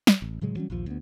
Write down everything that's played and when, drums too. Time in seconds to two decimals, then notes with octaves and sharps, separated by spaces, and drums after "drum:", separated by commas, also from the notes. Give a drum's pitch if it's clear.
0.07 drum: snare
0.22 A1
0.41 A2 C#3 F#3 G#3
0.55 E3 F#3 G3 C#4
0.70 A#1 D#2 F3
0.86 D2 B3